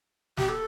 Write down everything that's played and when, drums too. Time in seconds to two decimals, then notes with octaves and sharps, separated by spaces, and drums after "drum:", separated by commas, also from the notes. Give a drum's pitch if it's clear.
0.37 G4, drum: snare
0.48 A4